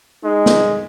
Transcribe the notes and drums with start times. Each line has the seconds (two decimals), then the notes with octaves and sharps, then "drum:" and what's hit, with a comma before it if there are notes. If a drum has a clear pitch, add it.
0.24 G#3 D#4
0.46 drum: snare